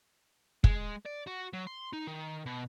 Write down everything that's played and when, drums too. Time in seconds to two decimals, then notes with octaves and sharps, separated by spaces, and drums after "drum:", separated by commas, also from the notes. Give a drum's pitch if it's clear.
0.64 G#3, drum: kick
1.06 D5
1.27 F#4
1.54 F#3
1.67 C6
1.93 D#4
2.07 D#3
2.46 B2